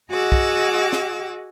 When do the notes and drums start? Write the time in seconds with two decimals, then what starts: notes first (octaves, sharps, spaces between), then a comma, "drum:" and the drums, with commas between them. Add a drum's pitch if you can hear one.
0.10 F#4 G#4 D#5 F#5 D6 E6
0.32 drum: kick
0.93 drum: snare